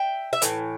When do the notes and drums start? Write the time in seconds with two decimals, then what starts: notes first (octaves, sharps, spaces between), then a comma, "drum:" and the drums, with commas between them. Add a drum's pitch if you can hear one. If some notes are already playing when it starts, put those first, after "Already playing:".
Already playing: E5 G5
0.33 E5
0.42 A2 E3, drum: hi-hat